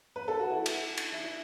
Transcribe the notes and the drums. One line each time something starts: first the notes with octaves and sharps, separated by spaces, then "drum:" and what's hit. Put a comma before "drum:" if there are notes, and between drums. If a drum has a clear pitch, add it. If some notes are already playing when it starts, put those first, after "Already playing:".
B4
A4
F#4
E4
drum: cymbal
drum: cymbal
E4